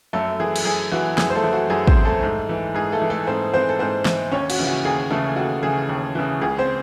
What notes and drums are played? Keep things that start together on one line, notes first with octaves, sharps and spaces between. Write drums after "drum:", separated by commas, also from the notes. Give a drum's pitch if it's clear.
F#2 A3 A4
E3 G#4
drum: cymbal
F#2 G#4
E3 F#4
F#2 G#4, drum: snare
C5
A3 A4
E3
F#4
F#2 G#4
C4 C5, drum: kick
E3
A3 A4
G#2
E3
G#2 G#4
A3 A4
E3
A3 A4
G#2 C4 C5
E3 C4 C5
A4
G#2 C4 C5
E3, drum: snare
D#2 C#4 C#5
F#4, drum: cymbal
C#3 E3
F#4
D#2 G#4
C#3 E3 A3 A4
D#2 F#4
C#3 E3 G#4
D#2
C#3 E3
C#2 G#4
C4 C5